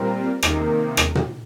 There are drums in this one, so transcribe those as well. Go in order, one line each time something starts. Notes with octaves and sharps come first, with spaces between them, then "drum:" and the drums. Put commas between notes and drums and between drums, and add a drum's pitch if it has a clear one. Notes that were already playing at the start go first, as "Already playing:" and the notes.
Already playing: A#2 G3 C4 F4 A#4
C3 D#3 A#3, drum: rim click
drum: rim click
drum: tom A#2